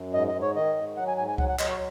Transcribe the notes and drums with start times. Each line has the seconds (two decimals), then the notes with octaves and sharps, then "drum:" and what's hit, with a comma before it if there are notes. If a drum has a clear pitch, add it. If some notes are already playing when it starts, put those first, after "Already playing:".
Already playing: F#2
0.14 G#2 D#5
0.28 D#5
0.34 G#2
0.42 C#5
0.55 D#3 D#5
0.76 G#2
0.97 F#3 F#5
1.07 G#5
1.17 G#2 G#5
1.28 G#5
1.38 F#3 F#5, drum: kick C#2
1.48 F#5
1.59 F#3 D#5, drum: clap
1.70 C#5